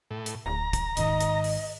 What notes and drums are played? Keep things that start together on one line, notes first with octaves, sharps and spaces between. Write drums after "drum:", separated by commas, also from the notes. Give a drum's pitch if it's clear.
A2
drum: hi-hat
D1 A#5
drum: kick, hi-hat
G#1 G#2 D#3 D#5, drum: hi-hat
drum: hi-hat
drum: open hi-hat